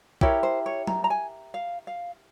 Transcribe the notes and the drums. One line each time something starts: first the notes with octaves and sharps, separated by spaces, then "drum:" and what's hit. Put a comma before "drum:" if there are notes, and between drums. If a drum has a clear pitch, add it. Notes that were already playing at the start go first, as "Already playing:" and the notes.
E4 G4 A#4 C#5, drum: kick
C5
C#5
A#5, drum: tom F#3
A#5
G#5
F5
F5